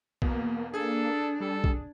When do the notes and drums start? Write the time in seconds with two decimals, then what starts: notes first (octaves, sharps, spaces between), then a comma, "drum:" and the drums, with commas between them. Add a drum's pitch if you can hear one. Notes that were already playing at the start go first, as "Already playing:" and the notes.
0.22 E2 B2 A#3 B3, drum: kick
0.74 D4 G#4 A4 G#6
1.40 G3 A4
1.64 drum: kick